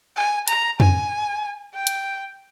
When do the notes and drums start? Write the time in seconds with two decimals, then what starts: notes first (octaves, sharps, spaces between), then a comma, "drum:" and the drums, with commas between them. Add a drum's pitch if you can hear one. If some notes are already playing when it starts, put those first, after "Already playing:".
0.16 G#5
0.48 A#5, drum: hi-hat
0.80 G#5, drum: tom F2
1.74 G5
1.87 drum: hi-hat